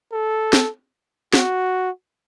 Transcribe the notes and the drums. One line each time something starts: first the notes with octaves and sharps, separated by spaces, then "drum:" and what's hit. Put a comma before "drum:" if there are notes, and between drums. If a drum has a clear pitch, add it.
A4
drum: snare
F#4, drum: snare